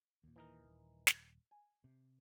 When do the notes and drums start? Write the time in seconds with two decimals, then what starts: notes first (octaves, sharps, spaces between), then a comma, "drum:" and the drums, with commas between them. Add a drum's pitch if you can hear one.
0.24 D#2 A#2
0.36 E3 D#4 A#4
0.64 D#1
1.07 drum: snare
1.51 G#5
1.84 C3